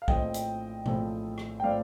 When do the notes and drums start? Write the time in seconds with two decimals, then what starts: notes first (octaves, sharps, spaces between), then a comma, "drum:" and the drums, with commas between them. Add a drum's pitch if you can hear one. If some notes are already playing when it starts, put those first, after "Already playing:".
0.02 F5
0.08 A#1 A2 F3 A3 C4 D#5 G5, drum: kick B1
0.34 drum: hi-hat
0.86 A#1 A2 F3 A3 C4, drum: tom
1.38 drum: rim click
1.60 G5
1.63 A2 F3 A3 C4 D5 F5